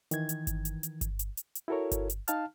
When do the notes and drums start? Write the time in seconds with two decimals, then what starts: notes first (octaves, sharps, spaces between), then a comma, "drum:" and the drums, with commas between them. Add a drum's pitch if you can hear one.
0.11 D#3 E3 G#6, drum: hi-hat
0.29 drum: hi-hat
0.47 drum: kick G1, hi-hat
0.65 drum: hi-hat
0.83 drum: hi-hat
1.01 drum: kick G1, hi-hat
1.19 drum: hi-hat
1.37 drum: hi-hat
1.55 drum: hi-hat
1.68 E4 F#4 A4 A#4 C#5
1.92 drum: kick G1, hi-hat
2.10 drum: hi-hat
2.28 D#4 F5 A5 F6, drum: hi-hat